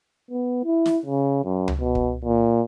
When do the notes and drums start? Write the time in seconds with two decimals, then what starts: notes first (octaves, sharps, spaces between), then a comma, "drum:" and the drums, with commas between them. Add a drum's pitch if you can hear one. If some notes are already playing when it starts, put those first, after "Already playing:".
0.31 B3
0.65 E4
0.86 drum: snare
1.06 C#3
1.44 F#2
1.68 drum: tom C#2
1.80 B2
1.95 drum: kick
2.25 A#2